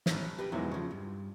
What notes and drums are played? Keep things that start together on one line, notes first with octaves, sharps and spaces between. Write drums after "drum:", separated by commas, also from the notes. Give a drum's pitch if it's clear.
A1 E5, drum: snare
G4 B4
E2 D#3 E3 F#3 G#3 C4
C#3 F3 C#6
G2